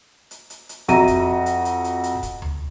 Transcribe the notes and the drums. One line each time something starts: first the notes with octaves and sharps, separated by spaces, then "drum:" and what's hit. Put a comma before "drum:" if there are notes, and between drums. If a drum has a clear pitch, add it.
drum: hi-hat
drum: hi-hat
drum: hi-hat
F2 F#4 E5 A#5 D#7, drum: hi-hat
drum: kick, hi-hat
drum: hi-hat
drum: hi-hat
drum: hi-hat
drum: hi-hat
drum: kick, hi-hat
drum: tom D2